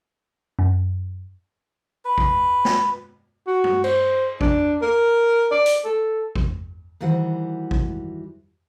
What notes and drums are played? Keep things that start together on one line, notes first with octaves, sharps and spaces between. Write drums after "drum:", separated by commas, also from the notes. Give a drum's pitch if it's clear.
F#2
B4
drum: kick A1
drum: snare
F#4
drum: tom
C5, drum: cymbal
D4, drum: kick A1
A#4
D5
drum: hi-hat
A4
drum: kick A1
D#3 E3 G3 F#4 C5 F#5
drum: kick A1